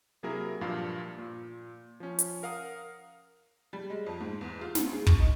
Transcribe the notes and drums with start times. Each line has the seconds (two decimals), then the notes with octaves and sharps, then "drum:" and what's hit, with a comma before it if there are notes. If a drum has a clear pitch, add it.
0.23 C3 F#3 A#3 E4 G#4 A#4
0.61 G2 A#2 F3 A#3 F5
1.18 A#2
2.00 F3 C#4
2.19 drum: hi-hat
2.43 A#4 F5 F#5 D#6
3.73 G3
3.90 G#3
4.06 F2
4.21 G#2
4.41 E2
4.61 F4
4.75 D2, drum: snare
4.91 G#4
5.07 C#6, drum: kick
5.20 D#4